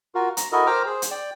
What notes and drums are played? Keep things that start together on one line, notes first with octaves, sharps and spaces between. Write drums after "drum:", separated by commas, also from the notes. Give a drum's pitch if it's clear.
F4 F#4 A#4
A#5, drum: hi-hat
E4 F#4 A4 A#4 D#5
A#4 C5 G5 A#5 D6 F6
G#4 C5
drum: hi-hat
D5 G5